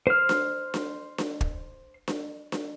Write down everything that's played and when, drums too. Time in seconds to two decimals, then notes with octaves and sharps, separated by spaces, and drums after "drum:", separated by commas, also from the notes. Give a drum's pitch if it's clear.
0.07 C5 F6
0.29 drum: snare D4
0.74 drum: snare D4
1.18 drum: snare D4
1.41 drum: kick
2.08 drum: snare D4
2.52 drum: snare D4